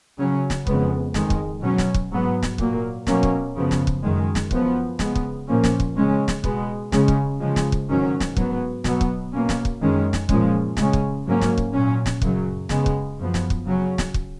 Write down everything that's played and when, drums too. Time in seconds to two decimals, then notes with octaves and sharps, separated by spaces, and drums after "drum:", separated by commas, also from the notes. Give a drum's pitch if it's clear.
0.18 C#3 F#3 C#4
0.50 drum: snare
0.67 F2 C#3 G#3 B3, drum: kick
1.14 F2 D#3 G#3, drum: snare
1.30 drum: kick
1.62 B2 F#3 C#4
1.78 drum: snare
1.94 drum: kick
2.10 G#2 F#3 B3
2.43 drum: snare
2.58 A#2 F#3 A#3, drum: kick
3.07 B2 F#3 A#3 C#4, drum: snare
3.23 drum: kick
3.56 F#2 C#3 F3 B3
3.71 drum: snare
3.87 drum: kick
4.03 F#2 D#3 G#3
4.35 drum: snare
4.51 F#2 F3 B3, drum: kick
4.99 C#3 G#3 B3, drum: snare
5.15 drum: kick
5.47 A#2 F3 A#3 C#4
5.64 drum: snare
5.80 drum: kick
5.96 C#3 G#3 C#4
6.28 drum: snare
6.44 B2 G#3 B3, drum: kick
6.92 C#3 G#3 C#4, drum: snare
7.08 drum: kick
7.40 C#3 F3 G#3
7.56 drum: snare
7.72 drum: kick
7.88 G#2 D#3 F#3 C#4
8.20 drum: snare
8.37 G#2 F#3 B3, drum: kick
8.84 B2 F#3 B3, drum: snare
9.01 drum: kick
9.33 B2 A#3 C#4
9.49 drum: snare
9.65 drum: kick
9.81 F#2 D#3 G#3 C#4
10.13 drum: snare
10.29 A#2 F3 G#3 C#4, drum: kick
10.77 C#3 G#3 C#4, drum: snare
10.93 drum: kick
11.26 G#2 F#3 A#3 C#4
11.41 drum: snare
11.58 drum: kick
11.73 A#2 F#3 C#4
12.06 drum: snare
12.22 F#2 C#3 F#3, drum: kick
12.69 C#3 G#3 B3, drum: snare
12.86 drum: kick
13.18 F#2 F3 B3
13.34 drum: snare
13.50 drum: kick
13.66 C#3 F#3 C#4
13.98 drum: snare
14.14 drum: kick